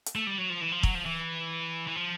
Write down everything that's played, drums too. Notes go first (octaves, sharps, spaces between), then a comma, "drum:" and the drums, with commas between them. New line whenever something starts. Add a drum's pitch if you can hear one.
drum: hi-hat
A3
G3
F#3
F3
E3
F3
F#3, drum: kick
F3
E3
E3
F3